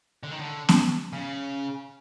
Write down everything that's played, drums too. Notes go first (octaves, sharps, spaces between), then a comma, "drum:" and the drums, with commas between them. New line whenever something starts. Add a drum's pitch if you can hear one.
D3
D#3
D3
drum: snare B3
C#3